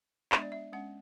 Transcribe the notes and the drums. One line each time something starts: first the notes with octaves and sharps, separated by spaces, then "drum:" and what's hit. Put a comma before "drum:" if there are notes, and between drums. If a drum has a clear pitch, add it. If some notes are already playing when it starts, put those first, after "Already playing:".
G#3 B3 D4 E5, drum: clap
D5
E5
G#3 C#4 F#5